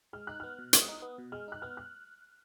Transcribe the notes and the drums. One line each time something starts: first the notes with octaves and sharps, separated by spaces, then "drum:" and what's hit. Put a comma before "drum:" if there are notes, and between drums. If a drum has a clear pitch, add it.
G#3 F6
D#4 F#6
B3 F6
B2
G#3 D#6, drum: hi-hat
D#4
B3
B2
G#3 F6
D#4 F#6
B3 F6
F#6